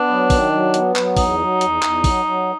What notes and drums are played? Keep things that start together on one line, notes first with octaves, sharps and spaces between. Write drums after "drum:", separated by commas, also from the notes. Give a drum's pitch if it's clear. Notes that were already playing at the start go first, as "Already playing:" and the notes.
Already playing: B3 D4
F#3
D#3, drum: kick, open hi-hat
F#3
B3, drum: hi-hat
F#3, drum: clap
E2 D#4, drum: kick, open hi-hat
F#3
E2, drum: hi-hat
E2, drum: clap
F#3, drum: kick, open hi-hat
F#3